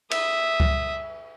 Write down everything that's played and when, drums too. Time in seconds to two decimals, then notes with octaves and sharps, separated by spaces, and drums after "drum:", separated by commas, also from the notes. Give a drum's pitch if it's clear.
0.11 E5 D#6, drum: cymbal
0.60 drum: kick C#2